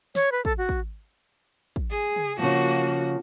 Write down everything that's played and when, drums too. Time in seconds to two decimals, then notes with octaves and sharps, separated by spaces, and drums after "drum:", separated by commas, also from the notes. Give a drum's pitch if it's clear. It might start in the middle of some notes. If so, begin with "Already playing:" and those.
0.15 C#5, drum: snare
0.32 B4
0.45 A4, drum: kick
0.58 F#4
0.69 drum: kick
1.76 drum: kick
1.91 G#4
2.16 drum: tom
2.39 C#3 F3 A#3 F#4